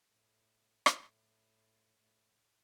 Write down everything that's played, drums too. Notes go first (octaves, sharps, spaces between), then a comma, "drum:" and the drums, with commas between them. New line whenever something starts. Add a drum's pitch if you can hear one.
A2
A2, drum: rim click
A2